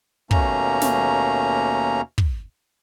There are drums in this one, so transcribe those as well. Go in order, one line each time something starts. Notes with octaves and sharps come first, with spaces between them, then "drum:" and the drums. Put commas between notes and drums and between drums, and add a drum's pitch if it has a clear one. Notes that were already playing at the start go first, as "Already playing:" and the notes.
D#2 B2 A3 A#3 C#4 A#5, drum: kick
drum: snare
drum: kick